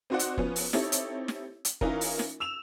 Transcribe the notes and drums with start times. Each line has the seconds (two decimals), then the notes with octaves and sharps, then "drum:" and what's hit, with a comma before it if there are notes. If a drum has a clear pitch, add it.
0.10 C4 D#4 F#4 C5 D5 F#5
0.19 drum: hi-hat
0.37 F3 B3 C#4, drum: kick F#1
0.56 drum: open hi-hat
0.73 C4 D#4 E4 G4 A4 C#5, drum: snare
0.92 drum: hi-hat
1.28 drum: snare
1.65 drum: hi-hat
1.81 E3 C#4 D#4 F4 A#4, drum: kick F#1
2.01 drum: open hi-hat
2.19 drum: snare
2.40 E6 E7 F7